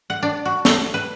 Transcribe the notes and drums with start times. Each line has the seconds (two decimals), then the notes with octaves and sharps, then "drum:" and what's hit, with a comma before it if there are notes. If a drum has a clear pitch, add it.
0.10 F#5
0.23 D4
0.45 F#4
0.65 A3, drum: snare
0.94 B4